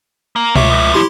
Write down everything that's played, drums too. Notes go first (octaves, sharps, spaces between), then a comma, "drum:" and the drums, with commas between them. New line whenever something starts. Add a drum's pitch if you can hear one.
A#3
C#2 F4 C#5 E5 D6, drum: tom B2
F2 A2
E4 G4 C6